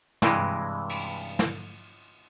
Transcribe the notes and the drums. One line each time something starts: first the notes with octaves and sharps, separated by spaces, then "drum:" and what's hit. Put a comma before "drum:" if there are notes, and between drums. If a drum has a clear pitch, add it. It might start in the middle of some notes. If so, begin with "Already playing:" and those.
G2 C3 E3 G#3, drum: snare
drum: cymbal
drum: snare